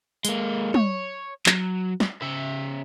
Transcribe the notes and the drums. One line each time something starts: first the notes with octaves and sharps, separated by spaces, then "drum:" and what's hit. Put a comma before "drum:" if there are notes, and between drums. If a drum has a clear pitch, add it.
G#3 A#3, drum: hi-hat
C#5, drum: tom
F#3, drum: clap
drum: snare
C#3 E5